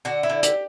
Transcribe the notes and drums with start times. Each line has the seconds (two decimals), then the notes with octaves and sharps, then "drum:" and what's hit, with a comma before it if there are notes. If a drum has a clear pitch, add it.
0.05 D3 F#4
0.23 E4
0.30 D3
0.43 G4, drum: hi-hat